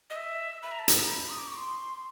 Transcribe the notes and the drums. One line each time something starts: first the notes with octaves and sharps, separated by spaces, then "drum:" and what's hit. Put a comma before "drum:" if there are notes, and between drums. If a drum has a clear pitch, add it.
D#5
E5
B5
A#5
A5
A#5, drum: hi-hat
B5
D#6
D6
C#6
C6